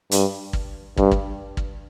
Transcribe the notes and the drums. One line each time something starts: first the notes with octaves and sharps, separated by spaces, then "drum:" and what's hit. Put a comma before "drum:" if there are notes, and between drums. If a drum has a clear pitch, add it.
G2, drum: hi-hat
drum: kick
G2, drum: kick
drum: kick
drum: kick